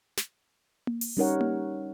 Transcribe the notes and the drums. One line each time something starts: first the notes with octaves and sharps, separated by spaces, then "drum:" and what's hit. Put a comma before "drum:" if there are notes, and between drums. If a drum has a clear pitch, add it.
drum: snare
drum: tom A#3
drum: open hi-hat
G3 C#4 D#4 A#4 C#5 F#5
drum: tom A#3